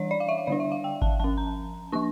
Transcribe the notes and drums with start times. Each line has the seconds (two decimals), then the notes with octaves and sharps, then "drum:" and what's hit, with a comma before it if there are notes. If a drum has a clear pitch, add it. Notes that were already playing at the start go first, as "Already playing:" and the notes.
Already playing: E3 G3 D4 C#5
0.11 D5
0.20 F5
0.29 E5
0.38 F5
0.47 D3 G3 D4 D5
0.60 E5
0.72 F5
0.84 G5
1.02 A5, drum: kick G#1
1.20 F3 C#4 A5
1.38 A#5
1.92 F3 A#3 D4 C#6